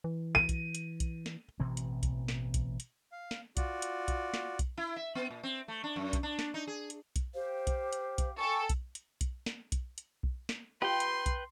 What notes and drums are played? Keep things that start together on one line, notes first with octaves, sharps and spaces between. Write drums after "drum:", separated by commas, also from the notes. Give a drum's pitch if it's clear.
E3
D#7
drum: kick B1, hi-hat
drum: hi-hat
drum: kick B1, hi-hat
drum: snare
A1 B2 E3 C4
drum: hi-hat
drum: kick B1, hi-hat
drum: snare
drum: kick B1, hi-hat
drum: hi-hat
F5
drum: snare
F4 F#4 D5, drum: kick B1, hi-hat
drum: hi-hat
drum: kick B1, hi-hat
drum: snare
drum: kick B1, hi-hat
E4
E5
B3
A#2
C4
A3
D4
F#2
drum: kick B1, hi-hat
D4
drum: snare
D#4
G#4
drum: hi-hat
drum: kick B1, hi-hat
G4 C5 F5
drum: kick B1, hi-hat
drum: hi-hat
drum: kick B1, hi-hat
A4 G5 G#5 C#6
drum: kick B1, hi-hat
drum: hi-hat
drum: kick B1, hi-hat
drum: snare
drum: kick B1, hi-hat
drum: hi-hat
drum: kick B1
drum: snare
F4 G4 B4 G5 C6
drum: hi-hat
drum: kick B1, hi-hat